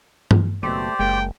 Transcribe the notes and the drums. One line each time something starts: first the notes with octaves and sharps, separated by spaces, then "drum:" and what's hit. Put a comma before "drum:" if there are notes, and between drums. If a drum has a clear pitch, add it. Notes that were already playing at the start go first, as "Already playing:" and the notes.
drum: tom G2
F#1 B2 A3 G4 C5 D5
F#1 G#3 A#3 G5